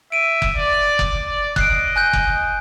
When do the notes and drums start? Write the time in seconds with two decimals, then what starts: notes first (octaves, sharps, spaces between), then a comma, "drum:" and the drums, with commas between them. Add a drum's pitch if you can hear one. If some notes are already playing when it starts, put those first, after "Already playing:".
0.12 E5 D7 D#7
0.42 drum: kick F#1
0.56 D5
0.99 drum: kick F#1
1.26 D5
1.56 D#5 F#6 C7 D7, drum: kick F#1
1.96 G#5 F#6 G6
2.13 drum: kick F#1